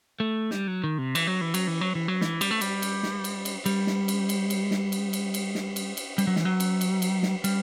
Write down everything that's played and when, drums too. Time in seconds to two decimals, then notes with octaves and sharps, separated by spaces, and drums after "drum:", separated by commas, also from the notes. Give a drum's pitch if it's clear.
0.20 A3
0.51 G3, drum: snare
0.67 F#3
0.84 D#3
0.98 C3
1.15 E3, drum: cymbal
1.27 F#3
1.41 E3
1.54 F#3, drum: cymbal
1.68 E3
1.81 F#3
1.95 E3
2.08 F#3
2.21 E3, drum: snare
2.41 G3, drum: cymbal
2.51 A3
2.61 G3, drum: cymbal
2.82 drum: cymbal
3.03 drum: snare
3.24 drum: cymbal
3.45 drum: cymbal
3.66 G3, drum: cymbal
3.87 drum: snare
4.08 drum: cymbal
4.29 drum: cymbal
4.50 drum: cymbal
4.71 drum: snare
4.92 drum: cymbal
5.13 drum: cymbal
5.34 drum: cymbal
5.55 drum: snare
5.76 drum: cymbal
5.97 drum: cymbal
6.18 G3, drum: cymbal
6.27 F#3
6.36 E3, drum: snare
6.45 F#3
6.60 drum: cymbal
6.81 drum: cymbal
7.02 drum: cymbal
7.23 drum: snare
7.44 G3, drum: cymbal